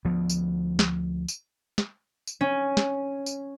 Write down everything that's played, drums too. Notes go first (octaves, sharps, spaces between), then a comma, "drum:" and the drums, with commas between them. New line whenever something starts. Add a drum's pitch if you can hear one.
D2 F3 B3
drum: tambourine
drum: snare
drum: tambourine
drum: snare
drum: tambourine
C#4
drum: snare
drum: tambourine